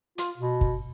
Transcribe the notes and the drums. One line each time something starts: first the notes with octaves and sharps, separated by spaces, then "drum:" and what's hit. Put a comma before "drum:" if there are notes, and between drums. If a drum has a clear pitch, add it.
F4, drum: hi-hat
B2
drum: kick